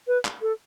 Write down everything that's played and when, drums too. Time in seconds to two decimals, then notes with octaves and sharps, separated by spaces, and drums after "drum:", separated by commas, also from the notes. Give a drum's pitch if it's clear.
0.07 B4
0.25 drum: clap
0.42 A4